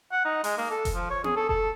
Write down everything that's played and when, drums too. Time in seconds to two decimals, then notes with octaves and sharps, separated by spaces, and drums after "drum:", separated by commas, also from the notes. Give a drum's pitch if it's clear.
0.12 F#5
0.25 D#4
0.44 G#3, drum: open hi-hat
0.58 A#3
0.70 A4
0.85 drum: kick F1, hi-hat
0.95 F3
1.10 C#5
1.24 G#4, drum: tom B3
1.36 A4
1.49 A4, drum: kick F1